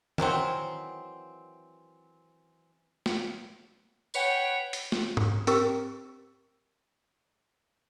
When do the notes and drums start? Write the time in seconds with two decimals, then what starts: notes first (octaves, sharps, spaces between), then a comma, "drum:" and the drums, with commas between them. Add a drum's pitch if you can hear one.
0.18 D#3 E3 F#3 C4, drum: tom D#3
3.06 drum: snare
4.14 B4 C#5 F#5 G5, drum: tambourine
4.73 drum: hi-hat
4.92 drum: snare
5.17 drum: tom G#2
5.47 C4 G4 A#4 C#6 E6, drum: hi-hat